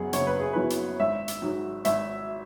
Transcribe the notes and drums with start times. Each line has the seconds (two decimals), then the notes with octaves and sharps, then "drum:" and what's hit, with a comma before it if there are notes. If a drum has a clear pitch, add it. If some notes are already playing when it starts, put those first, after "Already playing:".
Already playing: F#1 F#2 F#3 B3 G#4 F#5
0.13 F#1 C#5, drum: hi-hat
0.27 B4
0.40 G#4
0.53 F#2 F#3 B3 E4 B4
0.70 drum: hi-hat
1.00 G#1 E5
1.28 drum: hi-hat
1.42 G#2 F#3
1.85 G#1 E5, drum: hi-hat